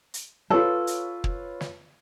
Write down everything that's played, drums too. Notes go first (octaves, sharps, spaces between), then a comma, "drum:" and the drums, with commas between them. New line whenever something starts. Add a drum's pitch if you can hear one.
drum: hi-hat
F4 A4 B4 C#5
drum: hi-hat
drum: kick
drum: snare